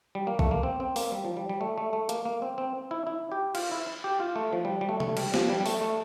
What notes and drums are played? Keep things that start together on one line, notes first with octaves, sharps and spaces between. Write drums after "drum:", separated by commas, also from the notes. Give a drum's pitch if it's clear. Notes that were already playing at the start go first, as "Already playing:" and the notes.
G3
A#3
A3, drum: kick
A#3
C4
C4
A#3, drum: open hi-hat
G3
F3
G3
G3
A3
A3
A3
A#3, drum: hi-hat
A#3
C4
C4
E4
E4
G4
F4, drum: cymbal
E4
G4
F4
A3
F3
G3
G3
A3
A3, drum: tom C3
G3, drum: cymbal
F3, drum: snare
G3
G3
A3, drum: open hi-hat
A3